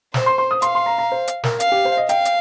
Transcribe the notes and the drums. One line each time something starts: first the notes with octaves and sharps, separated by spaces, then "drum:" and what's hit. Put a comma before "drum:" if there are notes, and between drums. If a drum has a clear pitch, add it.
C5, drum: snare
C6
C6
D#6
F5 C6, drum: hi-hat
C6
A#5
A#5
C5
drum: hi-hat
A#4, drum: snare
F5, drum: hi-hat
G4
C5
D#5
F5 G5, drum: hi-hat
drum: hi-hat